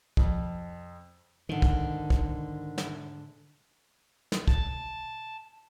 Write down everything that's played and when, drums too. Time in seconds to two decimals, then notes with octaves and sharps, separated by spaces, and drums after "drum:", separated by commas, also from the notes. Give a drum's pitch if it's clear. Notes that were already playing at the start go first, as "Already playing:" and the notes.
0.17 F2, drum: kick
1.49 G#2 D3 D#3
1.62 drum: kick
2.10 drum: kick
2.78 drum: snare
4.32 drum: snare
4.48 A5, drum: kick